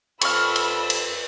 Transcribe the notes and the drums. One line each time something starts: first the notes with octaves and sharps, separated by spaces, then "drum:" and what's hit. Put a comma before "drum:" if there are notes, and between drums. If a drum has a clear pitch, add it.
F2 B5 C#6 E6 F6, drum: cymbal
drum: cymbal
drum: cymbal